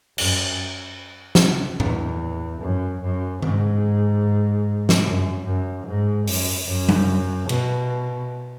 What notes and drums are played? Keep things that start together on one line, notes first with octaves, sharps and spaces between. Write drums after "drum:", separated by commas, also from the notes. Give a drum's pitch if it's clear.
F#2, drum: cymbal
drum: snare
E2, drum: tom A2
F#2
F#2
G#2, drum: tom D#3
drum: snare
F#2
F#2
G#2
F#2, drum: open hi-hat
F#2
drum: tom F#3
B2, drum: cymbal